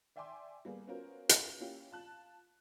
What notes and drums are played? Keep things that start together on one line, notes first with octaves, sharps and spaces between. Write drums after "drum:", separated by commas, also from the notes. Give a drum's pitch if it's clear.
D5 E5 G5 G#5 C6 D6
G3 A#3 B3 G#4
B3 C#4 F4 F#4 A#4 C5
drum: hi-hat
A#3 C#4 E4 F4 G4
F4 A5 F#6